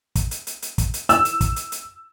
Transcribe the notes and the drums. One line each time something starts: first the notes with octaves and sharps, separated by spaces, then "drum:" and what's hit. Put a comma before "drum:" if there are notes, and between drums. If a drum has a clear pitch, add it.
drum: kick, hi-hat
drum: hi-hat
drum: hi-hat
drum: hi-hat
drum: kick, hi-hat
drum: hi-hat
E6, drum: hi-hat
drum: hi-hat
drum: kick, hi-hat
drum: hi-hat
drum: hi-hat